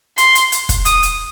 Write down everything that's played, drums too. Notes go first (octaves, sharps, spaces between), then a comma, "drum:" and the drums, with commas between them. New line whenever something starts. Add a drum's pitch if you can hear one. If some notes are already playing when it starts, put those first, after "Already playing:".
C6, drum: hi-hat
drum: hi-hat
drum: hi-hat
drum: kick, hi-hat
D#6, drum: hi-hat
drum: hi-hat